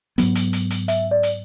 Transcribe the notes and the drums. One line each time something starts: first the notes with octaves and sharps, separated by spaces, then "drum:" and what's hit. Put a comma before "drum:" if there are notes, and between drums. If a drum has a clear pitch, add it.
G#2 F#3 B3, drum: hi-hat
drum: hi-hat
drum: hi-hat
drum: hi-hat
E5, drum: hi-hat
D5
drum: hi-hat